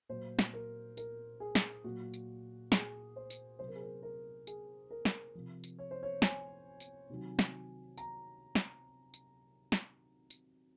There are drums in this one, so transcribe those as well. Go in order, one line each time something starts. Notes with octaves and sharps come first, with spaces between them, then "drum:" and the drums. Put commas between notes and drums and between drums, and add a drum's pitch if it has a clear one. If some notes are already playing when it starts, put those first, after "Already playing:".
A#2 F#3 C5
drum: snare
A#4
A#4, drum: tambourine
G#4
drum: snare
A#2 F#3 F#4
drum: tambourine
G#4, drum: snare
C5
drum: tambourine
C3 F#3 C5
A#4
G#4
A#4
A#4
G#4, drum: tambourine
A#4
drum: snare
C3 F3
drum: tambourine
C#5
C5
C#5
G#5, drum: snare
drum: tambourine
C3 D#3 F#3
drum: snare
A#5, drum: tambourine
drum: snare
drum: tambourine
drum: snare
drum: tambourine